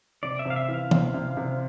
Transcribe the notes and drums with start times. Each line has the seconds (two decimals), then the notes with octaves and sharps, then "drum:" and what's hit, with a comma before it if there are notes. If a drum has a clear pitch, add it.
0.23 C3 D5
0.39 E5
0.45 C3
0.50 F5
0.56 E5
0.68 E3
0.74 F5
0.91 C3, drum: tom
1.14 C3
1.37 C3